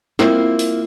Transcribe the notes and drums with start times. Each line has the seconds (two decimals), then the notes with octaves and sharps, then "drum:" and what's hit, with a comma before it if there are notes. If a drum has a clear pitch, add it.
0.19 A#3 C4 E4 F4, drum: snare
0.59 drum: open hi-hat